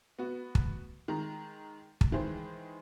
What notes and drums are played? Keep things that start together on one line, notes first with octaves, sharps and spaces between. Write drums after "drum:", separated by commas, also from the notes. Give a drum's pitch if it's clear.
B3 F#4
drum: kick
D#3 G#3 A#5
drum: kick
D#3 E3 G#3 G#4 C5